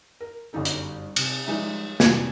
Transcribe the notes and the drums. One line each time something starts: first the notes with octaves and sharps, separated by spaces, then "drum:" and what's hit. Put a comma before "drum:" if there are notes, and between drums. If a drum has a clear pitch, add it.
A#4
G1 F#2 G3 D#4 A4
drum: hi-hat
C3, drum: cymbal
F3 G3 G#3 D#4 E5
F1 C3 E3 F#4 G#6, drum: snare